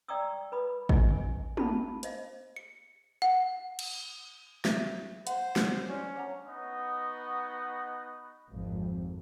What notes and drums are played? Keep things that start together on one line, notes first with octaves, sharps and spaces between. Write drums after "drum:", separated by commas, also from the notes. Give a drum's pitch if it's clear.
D5 G5 A#5 C#6 D#6 E6
B4 B5 D#6
D#5 G#5, drum: kick
A5 B5, drum: tom
C5 D#5 F5, drum: hi-hat
C#7
F#5
drum: cymbal
E5, drum: snare
C5 F#5, drum: hi-hat
drum: snare
C#4 D5
D4 F#5 A#5
B3 D#4 F#4 D#5 F#5
G#1 F2